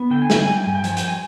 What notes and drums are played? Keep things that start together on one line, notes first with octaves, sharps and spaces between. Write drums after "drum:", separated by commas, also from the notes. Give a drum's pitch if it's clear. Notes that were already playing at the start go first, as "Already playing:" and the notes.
Already playing: B3
D3 G5
G#5
G3 G5, drum: snare
G#5
G3
G5
G2 G#5
G5
F3 G#5, drum: hi-hat
G5, drum: hi-hat
G#5